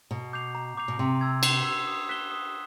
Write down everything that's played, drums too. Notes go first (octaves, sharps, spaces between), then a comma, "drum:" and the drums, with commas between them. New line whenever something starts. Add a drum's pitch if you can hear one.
B2 A#5
D6 G6 C7 F7
A#5
D6 G6 C7 F7
B2
C3 C6
E6 G#6
C6, drum: cymbal
E6 G#6
D#6
F#6 B6 E7 G7
D#6